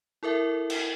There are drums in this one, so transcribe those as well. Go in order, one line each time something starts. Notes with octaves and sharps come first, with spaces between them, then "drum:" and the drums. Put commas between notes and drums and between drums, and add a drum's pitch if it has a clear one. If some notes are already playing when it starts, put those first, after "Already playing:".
E4 A4 A#4 E5
drum: cymbal